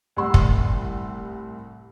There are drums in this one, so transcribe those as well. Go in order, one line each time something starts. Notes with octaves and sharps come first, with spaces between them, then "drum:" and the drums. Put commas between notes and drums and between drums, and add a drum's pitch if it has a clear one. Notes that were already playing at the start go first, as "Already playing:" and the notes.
C2 A2 G4 F#5 C6 E6
drum: kick